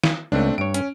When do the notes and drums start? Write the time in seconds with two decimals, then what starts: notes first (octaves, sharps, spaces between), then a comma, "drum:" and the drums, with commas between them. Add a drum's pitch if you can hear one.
0.04 drum: snare
0.32 C#2 A3 C4 D4
0.58 G2 C#5 D7
0.74 C#4, drum: hi-hat